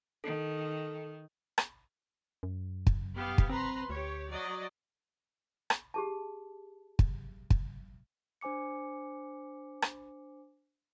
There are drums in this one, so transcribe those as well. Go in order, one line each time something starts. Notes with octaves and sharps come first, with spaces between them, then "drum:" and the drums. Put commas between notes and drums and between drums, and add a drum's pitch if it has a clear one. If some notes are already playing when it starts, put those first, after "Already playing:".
D#3 A4
drum: rim click
F#2
drum: kick
B3 G4 F5
drum: kick
C4 B4 A#5 C6
D2 G4 C#5
F#3 D5 D#5
drum: rim click
G4 G#4 A5
drum: kick
drum: kick
D4 C5 G#5 D6 C#7
drum: rim click